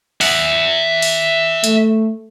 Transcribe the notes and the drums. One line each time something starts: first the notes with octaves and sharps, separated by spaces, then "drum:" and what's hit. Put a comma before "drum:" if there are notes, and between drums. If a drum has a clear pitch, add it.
E5 F#5, drum: open hi-hat
drum: open hi-hat
A3, drum: hi-hat